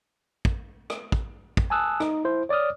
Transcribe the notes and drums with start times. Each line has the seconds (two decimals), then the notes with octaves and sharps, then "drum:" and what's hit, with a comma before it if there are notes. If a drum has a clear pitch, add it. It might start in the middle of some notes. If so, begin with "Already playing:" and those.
0.45 drum: kick
0.90 drum: rim click
1.12 drum: kick
1.57 drum: kick
1.70 G#5 A5 D#6 E6 F#6
2.00 D#4, drum: rim click
2.25 E4 C5
2.49 C#5 D5 D6 D#6 F6